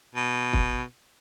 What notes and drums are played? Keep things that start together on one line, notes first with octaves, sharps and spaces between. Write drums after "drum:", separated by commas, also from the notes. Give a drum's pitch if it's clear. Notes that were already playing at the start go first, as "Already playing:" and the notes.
B2
drum: kick